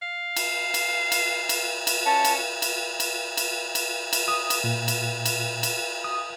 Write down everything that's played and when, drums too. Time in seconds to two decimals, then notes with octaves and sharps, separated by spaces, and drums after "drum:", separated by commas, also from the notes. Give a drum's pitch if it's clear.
0.02 F5
0.36 drum: cymbal
0.74 drum: cymbal
1.12 drum: cymbal
1.49 drum: cymbal
1.87 drum: cymbal
2.06 C#4 A5
2.25 drum: cymbal
2.62 drum: cymbal
3.00 drum: cymbal
3.37 drum: cymbal
3.75 drum: cymbal
4.13 drum: cymbal
4.28 D#6
4.50 drum: cymbal
4.64 A#2
4.88 drum: cymbal
5.25 drum: cymbal
5.63 drum: cymbal
6.04 D#6